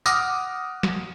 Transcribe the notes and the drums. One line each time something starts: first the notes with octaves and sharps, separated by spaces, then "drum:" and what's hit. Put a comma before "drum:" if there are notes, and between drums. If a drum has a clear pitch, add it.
F#5 D6 D#6 F6 A#6, drum: tambourine
drum: snare